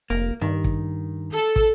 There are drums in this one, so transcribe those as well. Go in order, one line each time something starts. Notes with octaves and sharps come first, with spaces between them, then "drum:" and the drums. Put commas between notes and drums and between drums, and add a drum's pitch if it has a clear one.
F1 A#3
G2 D#3
drum: kick
A4
drum: kick